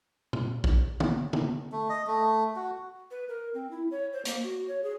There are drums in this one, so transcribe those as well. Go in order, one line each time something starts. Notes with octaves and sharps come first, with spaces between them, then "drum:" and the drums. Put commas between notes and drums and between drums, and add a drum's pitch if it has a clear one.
drum: tom A#2
drum: kick A#1
drum: tom
drum: tom
A3
D#5
A3
F#4
B4
A#4
C4
E4
C#5
C5
A#3, drum: hi-hat
F#4
C#5
G#4